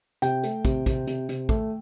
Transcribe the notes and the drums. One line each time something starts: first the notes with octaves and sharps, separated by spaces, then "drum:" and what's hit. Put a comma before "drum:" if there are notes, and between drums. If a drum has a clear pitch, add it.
C3 G5, drum: hi-hat
A3, drum: hi-hat
C3, drum: kick, hi-hat
C3, drum: kick, hi-hat
C3, drum: hi-hat
C3, drum: hi-hat
A3, drum: kick